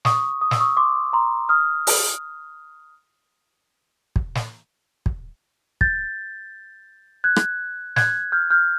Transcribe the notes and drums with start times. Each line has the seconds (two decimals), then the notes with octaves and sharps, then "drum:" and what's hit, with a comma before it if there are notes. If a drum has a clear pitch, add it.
0.05 C#6 D#6, drum: snare
0.41 D#6
0.51 E6, drum: snare
0.60 C#6 D#6
0.77 C6 D6
1.13 A#5 C6
1.49 D#6 F6
1.87 drum: open hi-hat
4.16 drum: kick
4.35 drum: snare
5.06 drum: kick
5.81 G6 A6, drum: kick
7.24 F#6 G#6
7.36 drum: rim click
7.96 F#6 G#6, drum: snare
8.32 F6 G6
8.50 F6 G6